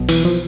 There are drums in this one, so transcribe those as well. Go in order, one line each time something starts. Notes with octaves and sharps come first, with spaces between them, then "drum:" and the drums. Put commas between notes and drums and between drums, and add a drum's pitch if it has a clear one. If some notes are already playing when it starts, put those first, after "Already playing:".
Already playing: B1 B2
E3, drum: open hi-hat
F3